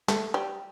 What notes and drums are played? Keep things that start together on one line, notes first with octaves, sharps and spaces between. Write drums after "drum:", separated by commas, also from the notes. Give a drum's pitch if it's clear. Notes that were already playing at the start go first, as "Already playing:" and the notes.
A3, drum: snare
G3